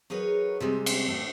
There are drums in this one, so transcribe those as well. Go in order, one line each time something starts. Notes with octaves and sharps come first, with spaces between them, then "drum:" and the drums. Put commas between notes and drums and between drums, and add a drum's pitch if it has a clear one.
F#3 D#4 G#4 A#4 B4 C#5
C3 G3 G#3 C4
drum: cymbal
A2 A3